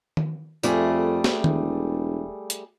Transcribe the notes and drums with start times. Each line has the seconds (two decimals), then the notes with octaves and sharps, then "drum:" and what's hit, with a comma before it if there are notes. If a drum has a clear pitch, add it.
0.17 drum: tom D#3
0.63 F2 G3 A3 G#4, drum: tambourine
1.24 drum: snare
1.44 E1, drum: tom D#3
2.50 drum: hi-hat